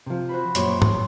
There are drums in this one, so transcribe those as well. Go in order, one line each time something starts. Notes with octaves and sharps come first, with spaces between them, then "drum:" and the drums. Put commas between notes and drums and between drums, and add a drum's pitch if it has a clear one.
C3 F3
F#4 C5 B5
F#2 A#2 G4 C#5 C6, drum: hi-hat
drum: tom G#2